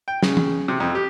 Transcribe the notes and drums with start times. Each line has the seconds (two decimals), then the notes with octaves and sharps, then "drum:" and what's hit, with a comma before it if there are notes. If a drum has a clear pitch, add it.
0.08 G5
0.23 C#3, drum: snare
0.37 drum: tom E3
0.68 C3
0.80 F2
0.95 G4